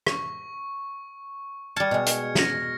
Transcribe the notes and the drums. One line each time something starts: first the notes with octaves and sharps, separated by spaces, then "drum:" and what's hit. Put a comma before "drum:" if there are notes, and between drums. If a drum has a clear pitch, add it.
C#6, drum: rim click
G3 A5 F6 G#6 C#7
B2 G#3
drum: hi-hat
A#6 C#7, drum: snare